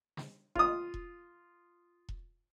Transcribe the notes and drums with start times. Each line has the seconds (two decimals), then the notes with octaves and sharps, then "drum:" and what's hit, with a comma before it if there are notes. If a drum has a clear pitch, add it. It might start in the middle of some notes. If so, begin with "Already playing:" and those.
0.17 drum: snare
0.55 F4 D#6, drum: kick E1
0.94 drum: kick E1
2.09 drum: kick E1